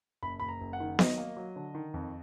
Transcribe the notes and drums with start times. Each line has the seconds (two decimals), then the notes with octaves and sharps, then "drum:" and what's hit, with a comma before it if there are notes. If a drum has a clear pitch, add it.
0.23 F#1 B5
0.40 F#1 B5
0.48 A#5
0.61 F#1
0.73 F#5
0.80 D#3
0.99 F#3 D#5, drum: snare B3
1.18 A#3
1.37 F#3
1.56 D3
1.74 D#3
1.94 F2